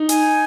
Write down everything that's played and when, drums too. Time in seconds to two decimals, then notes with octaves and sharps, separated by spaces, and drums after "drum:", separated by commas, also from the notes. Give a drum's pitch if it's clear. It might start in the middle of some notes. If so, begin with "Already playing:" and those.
Already playing: D#4
0.09 G#5, drum: hi-hat